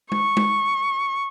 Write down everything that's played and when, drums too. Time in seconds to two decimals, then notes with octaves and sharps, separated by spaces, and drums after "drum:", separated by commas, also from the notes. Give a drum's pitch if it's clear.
0.12 C#6, drum: tom
0.37 drum: tom